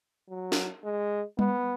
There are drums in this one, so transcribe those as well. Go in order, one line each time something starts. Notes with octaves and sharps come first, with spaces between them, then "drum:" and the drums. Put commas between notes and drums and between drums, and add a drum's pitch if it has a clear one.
F#3
drum: snare
G#3
B3, drum: tom G3